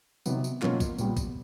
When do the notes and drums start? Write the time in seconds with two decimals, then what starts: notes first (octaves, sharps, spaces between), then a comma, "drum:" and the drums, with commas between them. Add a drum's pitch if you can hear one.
0.26 C3 D#3 F#3 B3, drum: tambourine
0.44 drum: tambourine
0.62 B2 F#3 A#3 C#4 F4, drum: clap
0.80 drum: kick A#1, tambourine
0.98 A#2 G3 B3, drum: tambourine
1.17 drum: kick A#1, tambourine